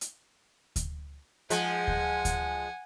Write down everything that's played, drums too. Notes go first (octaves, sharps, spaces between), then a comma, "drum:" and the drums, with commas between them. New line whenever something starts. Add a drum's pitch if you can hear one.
drum: hi-hat
drum: kick D2, hi-hat
F3 G#3 F#5 G#5, drum: hi-hat
drum: kick D2
drum: kick D2, hi-hat